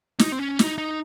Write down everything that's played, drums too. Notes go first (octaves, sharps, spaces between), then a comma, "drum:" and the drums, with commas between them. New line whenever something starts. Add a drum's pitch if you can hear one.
D#4, drum: snare
C4
C#4
D#4, drum: snare
D#4